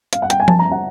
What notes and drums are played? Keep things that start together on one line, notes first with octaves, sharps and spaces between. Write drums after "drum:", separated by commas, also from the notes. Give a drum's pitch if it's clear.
F5, drum: hi-hat
F#5
G5, drum: hi-hat
G#5
A5, drum: tom F3
A#5
F#5